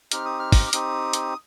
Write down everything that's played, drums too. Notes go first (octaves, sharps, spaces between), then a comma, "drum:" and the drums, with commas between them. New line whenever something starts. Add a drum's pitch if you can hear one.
C4 D#4 G4 F6, drum: hi-hat
D#6
F6
drum: kick, open hi-hat
D6
C4 D#4 G4 D#6, drum: hi-hat
drum: hi-hat